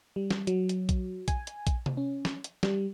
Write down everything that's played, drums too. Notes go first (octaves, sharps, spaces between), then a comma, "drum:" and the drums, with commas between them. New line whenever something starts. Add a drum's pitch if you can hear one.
G3
drum: snare
F#3, drum: hi-hat
drum: hi-hat
drum: kick A#1, hi-hat
G#5, drum: kick A#1, hi-hat
drum: hi-hat
drum: kick A#1, hi-hat
drum: tom C3
C#4
drum: snare
drum: hi-hat
G3, drum: snare